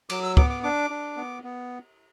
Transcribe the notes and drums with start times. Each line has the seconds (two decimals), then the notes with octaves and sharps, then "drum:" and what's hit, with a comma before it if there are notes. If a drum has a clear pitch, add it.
0.10 F#3 D6, drum: cymbal
0.23 E6
0.37 B3 D6, drum: kick
0.50 D6
0.63 D4 D6
0.90 D4
1.17 B3
1.44 B3